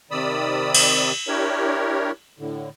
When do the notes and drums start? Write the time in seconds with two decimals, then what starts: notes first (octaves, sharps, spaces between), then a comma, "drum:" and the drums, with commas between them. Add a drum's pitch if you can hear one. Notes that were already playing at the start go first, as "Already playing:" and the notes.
0.11 C3 D#3 D5 B5 D#6 E6
0.75 drum: cymbal
1.28 D4 E4 G4 A#4 C#5
2.39 A2 D3